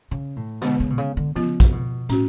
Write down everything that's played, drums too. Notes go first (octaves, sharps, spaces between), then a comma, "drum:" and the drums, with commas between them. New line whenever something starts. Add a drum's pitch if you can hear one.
C#3
A2
B2 D3 G#3 B3, drum: hi-hat
C#3
B2
C#3
D3
C#3 F3 B3 F4
drum: kick, hi-hat
B2
A2 C#4 F#4, drum: hi-hat